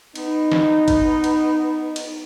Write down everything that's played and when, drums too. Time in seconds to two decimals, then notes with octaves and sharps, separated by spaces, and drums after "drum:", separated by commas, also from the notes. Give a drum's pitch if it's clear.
0.15 B3 D#4, drum: cymbal
0.52 drum: snare
0.88 drum: kick G#1, cymbal
1.24 drum: cymbal
1.96 drum: cymbal